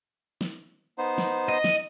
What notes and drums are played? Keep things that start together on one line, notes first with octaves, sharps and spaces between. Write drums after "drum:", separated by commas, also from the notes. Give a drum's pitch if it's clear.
drum: snare
B3 D#4 C5
drum: snare
D#5
drum: snare